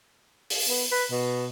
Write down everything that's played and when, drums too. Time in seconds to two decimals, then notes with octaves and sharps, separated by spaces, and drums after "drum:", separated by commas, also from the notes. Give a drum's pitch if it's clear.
0.50 drum: open hi-hat
0.69 B3
0.91 B4
1.11 B2